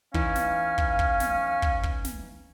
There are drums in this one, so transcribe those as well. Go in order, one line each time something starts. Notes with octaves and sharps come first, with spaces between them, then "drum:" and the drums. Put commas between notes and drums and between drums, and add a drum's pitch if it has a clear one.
E3 C#4 D#4 E4 F5, drum: kick
drum: snare
drum: kick
drum: kick
drum: snare
drum: kick
drum: kick
drum: snare